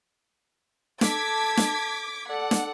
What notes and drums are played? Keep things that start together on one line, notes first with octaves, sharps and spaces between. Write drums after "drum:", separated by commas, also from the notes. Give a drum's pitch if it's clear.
A4 A5 D6 G#6 B6, drum: snare
drum: snare
A4 D5 F#5
drum: snare